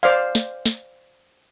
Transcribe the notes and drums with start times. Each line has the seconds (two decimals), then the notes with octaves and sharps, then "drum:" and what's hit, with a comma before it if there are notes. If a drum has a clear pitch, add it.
0.03 C5 D5 F5, drum: hi-hat
0.35 drum: snare
0.66 drum: snare